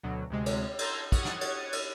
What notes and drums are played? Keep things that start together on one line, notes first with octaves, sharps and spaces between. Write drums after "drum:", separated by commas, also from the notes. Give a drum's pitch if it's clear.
D2 B2 F#3
D2 C3 G#3
drum: cymbal
A5 A#5 C6 E6 G6 G#6, drum: cymbal
C#5 F#5 D#6 G#6 A6, drum: kick, cymbal
drum: snare
drum: cymbal
drum: cymbal